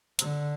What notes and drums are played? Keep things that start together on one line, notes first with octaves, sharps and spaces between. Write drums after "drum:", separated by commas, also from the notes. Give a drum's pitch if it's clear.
D3, drum: hi-hat